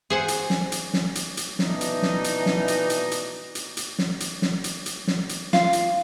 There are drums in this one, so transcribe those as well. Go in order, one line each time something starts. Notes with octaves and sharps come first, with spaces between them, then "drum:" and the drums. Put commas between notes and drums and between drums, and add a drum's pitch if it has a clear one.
G#4 C5 F#5
drum: hi-hat
drum: snare
drum: hi-hat
drum: snare
drum: hi-hat
drum: hi-hat
B2 E3 B3 D4 D#4, drum: snare
drum: hi-hat
drum: snare
drum: hi-hat
drum: snare
drum: hi-hat
drum: hi-hat
drum: hi-hat
drum: hi-hat
drum: hi-hat
drum: snare
drum: hi-hat
drum: snare
drum: hi-hat
drum: hi-hat
drum: snare
drum: hi-hat
F4, drum: snare
drum: hi-hat